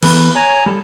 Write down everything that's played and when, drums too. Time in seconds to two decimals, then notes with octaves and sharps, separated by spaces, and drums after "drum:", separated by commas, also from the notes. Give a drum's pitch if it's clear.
0.03 E3 B3 A4 B4, drum: cymbal
0.35 C#5 G#5 A#5
0.66 G3 A4 A5